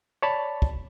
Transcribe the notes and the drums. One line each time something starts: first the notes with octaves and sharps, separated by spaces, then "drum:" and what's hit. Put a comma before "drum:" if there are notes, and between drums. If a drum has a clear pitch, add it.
C#5 D5 A5 B5
drum: kick